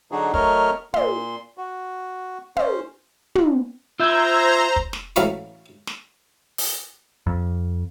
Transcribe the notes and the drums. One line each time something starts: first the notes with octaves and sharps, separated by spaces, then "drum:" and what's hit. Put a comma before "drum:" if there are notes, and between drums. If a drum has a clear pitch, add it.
D3 F#3 D4 D#4 F#4 G#4
F#3 A3 A#4 C#5 D#5 F6, drum: kick
A#2 C6, drum: tom
F#4
C#4 C5, drum: tom
drum: tom
F4 C5 E5 A#5 E6 G6 G#6
drum: kick
drum: snare
A1 F#3 A3 F5 B5 C#6, drum: hi-hat
drum: snare
drum: open hi-hat
F2